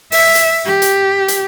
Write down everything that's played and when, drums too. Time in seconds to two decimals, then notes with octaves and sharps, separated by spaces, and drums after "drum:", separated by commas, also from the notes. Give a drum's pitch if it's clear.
0.12 E5, drum: open hi-hat
0.35 drum: hi-hat
0.66 G4
0.82 drum: hi-hat
1.28 drum: hi-hat